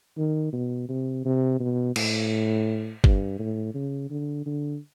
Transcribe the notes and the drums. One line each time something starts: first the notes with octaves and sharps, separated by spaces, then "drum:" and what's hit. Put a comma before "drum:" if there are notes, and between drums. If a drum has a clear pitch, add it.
D#3
B2
C3
C3
B2
A2, drum: cymbal
G2, drum: kick G1
A2
C#3
D3
D3